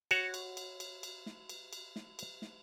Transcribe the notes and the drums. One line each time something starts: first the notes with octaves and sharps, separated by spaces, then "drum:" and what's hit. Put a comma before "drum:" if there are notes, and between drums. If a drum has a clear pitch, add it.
F#4 C#5, drum: cymbal
drum: cymbal
drum: cymbal
drum: cymbal
drum: cymbal
drum: snare
drum: cymbal
drum: cymbal
drum: snare
drum: cymbal
drum: snare